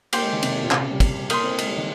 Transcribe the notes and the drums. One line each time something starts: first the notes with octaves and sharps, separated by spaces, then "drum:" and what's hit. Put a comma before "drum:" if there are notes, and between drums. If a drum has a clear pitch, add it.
A#3 G4 C5 G5, drum: cymbal
G#3
D#3
C3, drum: cymbal
A#2
C3, drum: clap
C#3
G3
drum: kick, cymbal
A#3 A#4 D#5 G5 C6, drum: cymbal
C4
G#3, drum: cymbal
G3
D#3